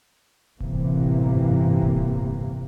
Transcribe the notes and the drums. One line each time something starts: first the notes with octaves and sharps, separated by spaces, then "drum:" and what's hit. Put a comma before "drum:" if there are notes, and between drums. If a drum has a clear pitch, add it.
G1 A2 C3 E3 A#3, drum: kick D1
drum: kick D1